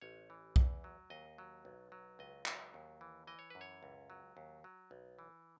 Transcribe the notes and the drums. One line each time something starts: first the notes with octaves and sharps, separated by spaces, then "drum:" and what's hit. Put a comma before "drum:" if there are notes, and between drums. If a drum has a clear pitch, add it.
A1 C#5
E3
E2, drum: kick B1
F#3
D#2 D#5
F#3
B1
F#3
C#2 D#5
F#3, drum: clap
D#2
E3
E3 D#5
C#5
F#2 B4
C#5
C#2
F#3
D#2
F#3
B1
E3